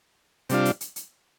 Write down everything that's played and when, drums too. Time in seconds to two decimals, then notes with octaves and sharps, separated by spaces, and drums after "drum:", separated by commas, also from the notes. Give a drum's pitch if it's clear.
0.49 C3 G3 D4 F4, drum: hi-hat
0.65 drum: hi-hat
0.81 drum: hi-hat
0.96 drum: hi-hat